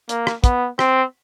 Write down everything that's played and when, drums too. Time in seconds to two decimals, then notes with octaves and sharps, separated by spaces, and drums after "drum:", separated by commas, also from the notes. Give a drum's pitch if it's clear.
0.09 A#3, drum: hi-hat
0.27 drum: rim click
0.44 B3, drum: kick, hi-hat
0.79 C4, drum: rim click